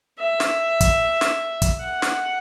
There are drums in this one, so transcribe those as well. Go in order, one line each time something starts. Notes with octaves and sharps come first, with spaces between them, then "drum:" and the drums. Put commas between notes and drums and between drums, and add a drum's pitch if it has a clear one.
E5
drum: snare
drum: kick, hi-hat
drum: snare
drum: kick, hi-hat
F#5
drum: snare